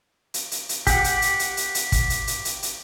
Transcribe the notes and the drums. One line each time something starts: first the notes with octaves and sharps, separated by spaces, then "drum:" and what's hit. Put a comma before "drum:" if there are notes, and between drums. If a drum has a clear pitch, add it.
drum: hi-hat
drum: hi-hat
drum: hi-hat
G4 F#5, drum: kick, hi-hat
drum: hi-hat
drum: hi-hat
drum: hi-hat
drum: hi-hat
drum: hi-hat
drum: kick, hi-hat
drum: hi-hat
drum: hi-hat
drum: hi-hat
drum: hi-hat